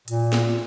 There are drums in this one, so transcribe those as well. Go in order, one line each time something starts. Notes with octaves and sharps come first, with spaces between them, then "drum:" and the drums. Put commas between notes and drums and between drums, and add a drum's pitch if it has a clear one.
A#2, drum: hi-hat
drum: snare